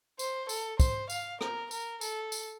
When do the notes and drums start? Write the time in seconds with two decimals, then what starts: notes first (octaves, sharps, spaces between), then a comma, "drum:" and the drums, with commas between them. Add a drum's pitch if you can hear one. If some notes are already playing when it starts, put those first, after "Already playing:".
0.19 C5, drum: tambourine
0.49 A4, drum: tambourine
0.80 C5, drum: kick, tambourine
1.10 F5, drum: tambourine
1.41 A#4, drum: rim click
1.71 A#4, drum: tambourine
2.01 A4, drum: tambourine
2.32 drum: tambourine